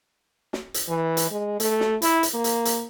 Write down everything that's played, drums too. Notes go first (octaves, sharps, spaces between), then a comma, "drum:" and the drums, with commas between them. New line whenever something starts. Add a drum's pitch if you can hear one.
drum: snare
drum: hi-hat
E3
drum: hi-hat
G#3
A3, drum: hi-hat
drum: snare
E4, drum: hi-hat
drum: hi-hat
A#3
drum: hi-hat
drum: hi-hat